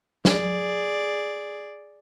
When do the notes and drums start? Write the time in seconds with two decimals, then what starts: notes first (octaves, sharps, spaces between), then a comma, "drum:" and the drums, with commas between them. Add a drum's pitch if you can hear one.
0.25 G#4 D5, drum: snare